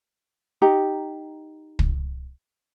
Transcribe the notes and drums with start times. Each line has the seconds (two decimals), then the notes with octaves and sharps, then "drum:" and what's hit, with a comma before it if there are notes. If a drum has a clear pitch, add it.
0.62 D#4 G4 A#5
1.79 drum: kick